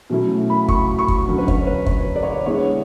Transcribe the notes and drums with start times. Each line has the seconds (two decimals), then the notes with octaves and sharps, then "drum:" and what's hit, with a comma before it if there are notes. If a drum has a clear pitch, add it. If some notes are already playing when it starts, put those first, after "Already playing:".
0.10 B2 F#3 A3 C#4 E4
0.50 B5
0.68 C#6, drum: kick
0.99 C#6
1.08 drum: kick
1.27 D3 F#3 C#4
1.38 B4
1.48 C#5, drum: kick
1.67 B4
1.86 C#5, drum: kick
2.16 D5
2.23 C#5
2.31 D5
2.46 D3 G#3 B3 E4 C#5